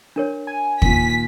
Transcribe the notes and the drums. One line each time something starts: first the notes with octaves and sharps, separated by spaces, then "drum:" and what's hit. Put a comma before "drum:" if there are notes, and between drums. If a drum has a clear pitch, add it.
D4 A#4 C#5
G#5
A#2 D#3 B6, drum: kick